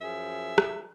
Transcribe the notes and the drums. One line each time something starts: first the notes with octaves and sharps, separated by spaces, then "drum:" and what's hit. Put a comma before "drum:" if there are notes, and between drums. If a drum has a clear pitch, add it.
F#2 F3 G#4 E5
drum: rim click